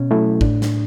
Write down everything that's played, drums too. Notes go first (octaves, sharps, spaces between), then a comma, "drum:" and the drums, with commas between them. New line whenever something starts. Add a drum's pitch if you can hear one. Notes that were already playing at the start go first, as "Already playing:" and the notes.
Already playing: B2 C#4
F#3 A3 E4
A2 D4, drum: kick
drum: snare